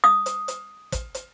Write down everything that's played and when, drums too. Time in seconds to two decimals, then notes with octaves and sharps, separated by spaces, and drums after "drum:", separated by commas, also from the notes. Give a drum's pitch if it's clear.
0.04 D#6
0.26 drum: hi-hat
0.48 drum: hi-hat
0.92 drum: kick, hi-hat
1.15 drum: hi-hat